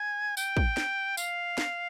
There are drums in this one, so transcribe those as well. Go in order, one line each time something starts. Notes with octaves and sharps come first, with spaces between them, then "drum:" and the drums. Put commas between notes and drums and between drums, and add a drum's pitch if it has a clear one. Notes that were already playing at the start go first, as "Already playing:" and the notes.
Already playing: G#5
G5, drum: tambourine
drum: kick
drum: snare
F5, drum: tambourine
drum: snare